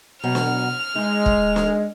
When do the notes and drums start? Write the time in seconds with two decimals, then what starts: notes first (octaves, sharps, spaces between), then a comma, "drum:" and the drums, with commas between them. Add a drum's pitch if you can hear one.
0.24 B2 F#3 F#5 F6
0.35 drum: snare
0.96 G#3 D#4
1.26 drum: kick E1
1.56 drum: snare